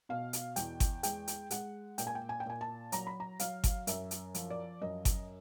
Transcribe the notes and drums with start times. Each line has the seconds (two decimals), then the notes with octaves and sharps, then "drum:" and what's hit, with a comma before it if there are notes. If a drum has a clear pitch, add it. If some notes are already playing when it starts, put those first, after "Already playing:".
0.09 B2 F5
0.33 drum: hi-hat
0.56 E2 G5, drum: hi-hat
0.80 drum: kick G1, hi-hat
1.03 G#3 G5, drum: hi-hat
1.27 drum: hi-hat
1.51 G#3 F#5, drum: hi-hat
1.98 A#2 G5, drum: hi-hat
2.07 G#5
2.15 G5
2.29 G#5
2.40 G5
2.46 A#2 G#5
2.61 A5
2.92 F#3 A#5, drum: hi-hat
3.07 B5
3.20 A#5
3.39 F#3 F5, drum: hi-hat
3.64 drum: kick G1, hi-hat
3.87 F#2 E5, drum: hi-hat
4.11 drum: hi-hat
4.34 F3, drum: hi-hat
4.50 D5
4.82 F#2 D#5
5.05 drum: kick G1, hi-hat